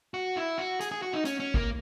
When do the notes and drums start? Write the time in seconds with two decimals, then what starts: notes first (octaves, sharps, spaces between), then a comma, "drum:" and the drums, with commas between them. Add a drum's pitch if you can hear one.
0.14 F#4
0.36 E4
0.58 F#4
0.80 G#4, drum: hi-hat
0.92 G#4
1.02 F#4
1.13 D#4
1.25 C#4, drum: hi-hat
1.40 C#4
1.54 A#3, drum: kick G#1